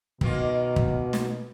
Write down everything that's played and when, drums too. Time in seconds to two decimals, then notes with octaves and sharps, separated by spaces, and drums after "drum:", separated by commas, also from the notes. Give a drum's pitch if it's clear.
0.21 B2 D#3 A#3 F4, drum: kick
0.76 drum: kick
1.13 drum: snare